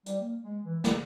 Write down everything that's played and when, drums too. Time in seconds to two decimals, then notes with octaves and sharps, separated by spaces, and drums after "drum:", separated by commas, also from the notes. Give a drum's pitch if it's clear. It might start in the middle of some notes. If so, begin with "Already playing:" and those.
0.06 G3, drum: hi-hat
0.20 A#3
0.41 G#3
0.64 E3
0.84 C#3, drum: snare